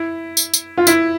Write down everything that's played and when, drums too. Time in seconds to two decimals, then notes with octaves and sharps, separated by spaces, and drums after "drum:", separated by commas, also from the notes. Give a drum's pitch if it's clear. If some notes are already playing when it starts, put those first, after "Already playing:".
Already playing: E4
0.37 drum: tambourine
0.54 drum: tambourine
0.77 F4
0.87 E4, drum: tambourine